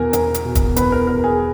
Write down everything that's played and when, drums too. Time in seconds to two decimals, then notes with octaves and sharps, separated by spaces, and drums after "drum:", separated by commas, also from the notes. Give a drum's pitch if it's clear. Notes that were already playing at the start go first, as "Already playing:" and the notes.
Already playing: E2 B2 A#4 G#5 A#5
0.13 E2 A#4, drum: hi-hat
0.34 drum: hi-hat
0.45 B2
0.55 drum: kick, hi-hat
0.76 E2 B4, drum: hi-hat
0.92 A#4
1.07 E2 A#4
1.24 G#4